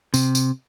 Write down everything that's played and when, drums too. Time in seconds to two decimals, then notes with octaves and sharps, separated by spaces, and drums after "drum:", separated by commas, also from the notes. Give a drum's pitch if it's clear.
0.14 C3, drum: tambourine
0.35 drum: tambourine